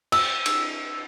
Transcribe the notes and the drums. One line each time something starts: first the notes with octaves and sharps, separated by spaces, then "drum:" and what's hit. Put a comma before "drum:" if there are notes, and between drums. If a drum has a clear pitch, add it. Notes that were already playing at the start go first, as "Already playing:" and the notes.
E6, drum: cymbal
drum: cymbal